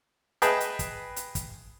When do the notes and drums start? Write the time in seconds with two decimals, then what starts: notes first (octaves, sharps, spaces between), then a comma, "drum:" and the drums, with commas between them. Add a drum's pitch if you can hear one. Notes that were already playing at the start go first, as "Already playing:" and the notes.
0.42 G#4 B4 D#5 G5 A5 B5, drum: hi-hat
0.60 drum: hi-hat
0.79 drum: kick, hi-hat
1.16 drum: hi-hat
1.35 drum: kick, hi-hat